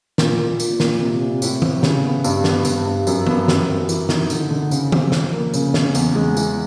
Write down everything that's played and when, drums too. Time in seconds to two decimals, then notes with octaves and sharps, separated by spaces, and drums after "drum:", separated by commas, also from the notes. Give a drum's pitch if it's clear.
0.18 A#2, drum: snare
0.39 A#2
0.60 A#2, drum: tambourine
0.80 A#2, drum: snare
1.01 C3
1.21 C3
1.42 A2, drum: tambourine
1.62 C4, drum: tom D#3
1.83 C#3, drum: snare
2.04 B3
2.24 G2, drum: tambourine
2.44 B3, drum: snare
2.65 G2, drum: tambourine
2.86 G2
3.07 F#2, drum: tambourine
3.27 B3, drum: tom E3
3.48 F#2, drum: snare
3.68 F#2
3.89 E3, drum: tambourine
4.09 D#4, drum: snare
4.30 D3, drum: tambourine
4.50 D3
4.71 C#3, drum: tambourine
4.92 C4, drum: tom D#3
5.12 F2, drum: snare
5.33 A#3
5.54 C#3, drum: tambourine
5.74 C#4, drum: snare
5.95 E2, drum: tambourine
6.15 G#3
6.37 E3, drum: tambourine